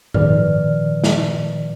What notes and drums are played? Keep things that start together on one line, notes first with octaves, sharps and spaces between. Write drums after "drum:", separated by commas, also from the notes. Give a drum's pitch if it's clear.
A#2 D#3 F3 B4 D5 F6, drum: tom G#2
drum: snare